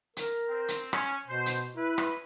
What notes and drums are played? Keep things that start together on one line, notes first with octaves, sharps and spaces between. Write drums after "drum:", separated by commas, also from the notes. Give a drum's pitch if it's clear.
A#4, drum: hi-hat
C4
drum: hi-hat
C#4, drum: rim click
B2 C5
drum: hi-hat
E4 B4
drum: rim click